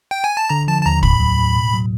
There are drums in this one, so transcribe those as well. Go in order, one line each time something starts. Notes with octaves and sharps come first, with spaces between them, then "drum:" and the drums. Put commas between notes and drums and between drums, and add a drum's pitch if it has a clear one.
G5
G#5
A5
D3 A#5
F3 A5
A5
D#2 A#5
A2 B5, drum: kick
F#3
A2
B2
F#3